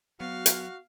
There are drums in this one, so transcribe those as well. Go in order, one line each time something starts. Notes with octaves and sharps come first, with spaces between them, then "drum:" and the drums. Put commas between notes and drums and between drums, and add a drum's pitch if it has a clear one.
F#3 B3 F#4 F5
drum: hi-hat